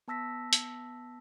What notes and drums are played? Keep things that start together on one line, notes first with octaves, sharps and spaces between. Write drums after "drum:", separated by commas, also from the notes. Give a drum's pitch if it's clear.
B3 A5 E6 A#6 B6
drum: hi-hat